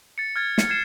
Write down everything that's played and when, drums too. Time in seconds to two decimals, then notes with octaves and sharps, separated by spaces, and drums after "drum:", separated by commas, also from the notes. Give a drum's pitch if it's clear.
0.18 A6 C#7
0.36 F6 G#6 A6
0.58 C#7, drum: snare
0.69 G#6 C7 E7